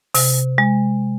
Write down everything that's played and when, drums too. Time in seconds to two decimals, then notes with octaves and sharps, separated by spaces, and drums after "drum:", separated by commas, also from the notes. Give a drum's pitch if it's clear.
0.14 C3, drum: open hi-hat
0.58 G#3